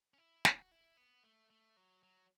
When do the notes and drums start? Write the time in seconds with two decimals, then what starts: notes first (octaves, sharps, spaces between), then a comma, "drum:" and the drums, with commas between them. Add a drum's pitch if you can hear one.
0.14 C#4
0.18 E4
0.45 F#4, drum: snare
0.71 E4
0.97 B3
1.23 A3
1.50 A3
1.77 F#3
2.03 F#3